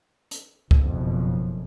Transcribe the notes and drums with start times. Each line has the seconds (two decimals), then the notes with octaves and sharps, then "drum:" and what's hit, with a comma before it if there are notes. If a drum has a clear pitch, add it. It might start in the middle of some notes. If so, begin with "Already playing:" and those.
0.31 drum: hi-hat
0.71 F#1 F2 B2, drum: kick C#2